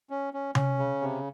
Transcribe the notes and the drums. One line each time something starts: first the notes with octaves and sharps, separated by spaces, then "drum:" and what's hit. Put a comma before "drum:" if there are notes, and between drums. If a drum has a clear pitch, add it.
C#4
C#4
C#4, drum: tom C3
C#3
C3